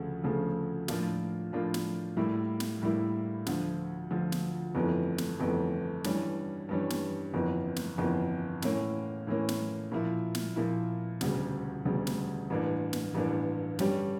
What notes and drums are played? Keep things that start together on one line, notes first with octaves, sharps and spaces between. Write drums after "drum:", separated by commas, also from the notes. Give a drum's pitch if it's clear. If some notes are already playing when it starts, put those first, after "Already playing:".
Already playing: D2 C#3 F3 A3
D2 C#3 F3 A3
A2 F3 A#3 D4 F4, drum: snare
A2 F3 A#3 D4 F4
drum: snare
A2 G3 A#3 E4
drum: snare
A2 G3 A#3 E4
D2 D3 F3, drum: snare
D2 D3 F3
drum: snare
G1 F2 E3 A3
drum: snare
G1 F2 E3 A3
G2 E3 G3 C#4, drum: snare
G2 E3 G3 C#4
drum: snare
G1 F2 E3 A#3
drum: snare
G1 F2 E3 A#3
A2 E3 A#3 C#4, drum: snare
A2 E3 A#3 C#4
drum: snare
A#2 F3 A#3 E4
drum: snare
A#2 F3 A#3 E4
E1 D2 C#3 G3, drum: snare
E1 D2 C#3 G3
drum: snare
A1 G2 E3 A#3 D4
drum: snare
A1 G2 E3 A#3 D4
G2 D3 G3 C#4 G4, drum: snare